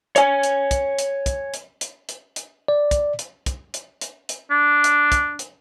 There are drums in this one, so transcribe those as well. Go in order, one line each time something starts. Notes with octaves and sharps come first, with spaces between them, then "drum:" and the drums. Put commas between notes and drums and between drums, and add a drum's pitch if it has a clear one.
C#5 G#5, drum: hi-hat
drum: hi-hat
drum: kick, hi-hat
drum: hi-hat
drum: kick, hi-hat
drum: hi-hat
drum: hi-hat
drum: hi-hat
drum: hi-hat
D5
drum: kick, hi-hat
drum: hi-hat
drum: kick, hi-hat
drum: hi-hat
drum: hi-hat
drum: hi-hat
D4
drum: hi-hat
drum: kick, hi-hat
drum: hi-hat